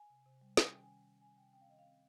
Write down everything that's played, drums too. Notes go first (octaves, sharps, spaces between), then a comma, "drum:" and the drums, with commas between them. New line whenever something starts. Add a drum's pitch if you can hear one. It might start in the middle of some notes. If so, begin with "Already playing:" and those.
Already playing: G#5
C3
C3
G3
C#4 G#5, drum: snare
D#3 G5
G#5
D#3
G3
G3 G#5
C3 G5
C4 G5
F5
D#3 D#5
F5
C4